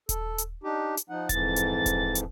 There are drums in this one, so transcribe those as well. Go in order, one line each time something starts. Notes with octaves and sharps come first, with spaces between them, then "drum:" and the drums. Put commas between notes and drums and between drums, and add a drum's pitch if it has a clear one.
A4, drum: kick D#1, hi-hat
drum: hi-hat
D4 D#4 G4
drum: hi-hat
F3 D#4 F#5
F2 G#2 E3 A6, drum: kick D#1, hi-hat
drum: hi-hat
drum: kick D#1, hi-hat
drum: hi-hat